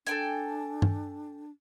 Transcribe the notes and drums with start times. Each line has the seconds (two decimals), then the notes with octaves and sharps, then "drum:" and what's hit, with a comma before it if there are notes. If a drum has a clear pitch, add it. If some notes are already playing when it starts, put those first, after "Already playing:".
0.07 D4 A4 G5 G#5, drum: hi-hat
0.82 drum: tom G2